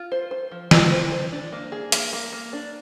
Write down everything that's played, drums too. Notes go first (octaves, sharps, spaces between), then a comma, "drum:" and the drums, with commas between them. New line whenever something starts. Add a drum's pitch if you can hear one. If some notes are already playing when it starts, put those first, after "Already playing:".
Already playing: F4
C5
C5
F3
F3, drum: snare
C5
C5
D4
A#3
G#4
A#3, drum: hi-hat
A#3
A#3
D4